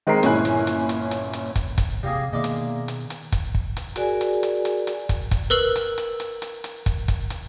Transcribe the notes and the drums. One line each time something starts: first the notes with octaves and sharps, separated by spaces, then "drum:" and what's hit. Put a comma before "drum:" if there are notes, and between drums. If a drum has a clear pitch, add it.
D#3 G#3 C4 A#4 C7
G1 A#2 C#4 E4 G#5 F#6, drum: hi-hat
drum: hi-hat
drum: hi-hat
drum: hi-hat
drum: hi-hat
drum: hi-hat
drum: kick, hi-hat
drum: kick, hi-hat
C3 G3 A#3 G#4
B2 D#3 G#3 A#3 D5 E5
drum: hi-hat
drum: hi-hat
drum: hi-hat
drum: kick, hi-hat
drum: kick
drum: hi-hat
F#4 G#4 A#4 D5 G#5, drum: hi-hat
drum: hi-hat
drum: hi-hat
drum: hi-hat
drum: hi-hat
drum: kick, hi-hat
drum: kick, hi-hat
A#4 B4 E6 F#7
drum: hi-hat
drum: hi-hat
drum: hi-hat
drum: hi-hat
drum: hi-hat
drum: kick, hi-hat
drum: kick, hi-hat
drum: hi-hat